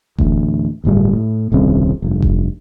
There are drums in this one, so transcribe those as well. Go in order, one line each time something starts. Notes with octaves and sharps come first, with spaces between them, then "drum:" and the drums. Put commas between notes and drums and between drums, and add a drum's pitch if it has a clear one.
A1 D2, drum: kick F1
D1 G1 A2 G3
A2
D#1 C2 C#3 C4
F1 G2
drum: kick F1